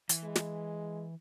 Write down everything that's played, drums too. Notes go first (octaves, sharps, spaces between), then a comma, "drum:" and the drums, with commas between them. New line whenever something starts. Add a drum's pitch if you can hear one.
E3, drum: hi-hat
G#3
drum: snare